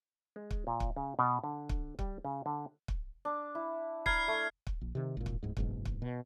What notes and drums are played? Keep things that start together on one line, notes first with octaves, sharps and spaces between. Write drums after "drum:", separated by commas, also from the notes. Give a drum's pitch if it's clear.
G#3
drum: kick
A#2
drum: kick
C#3
B2
D3
drum: kick
G3, drum: kick
C#3
D3
drum: kick
D4
E4
A#5 B5 F6 G#6 C7, drum: kick
A3
drum: kick
A#1
C3 D#3
G#1 A#2
drum: kick
D1 G#2
F#1 G#2 B2, drum: kick
drum: kick
B2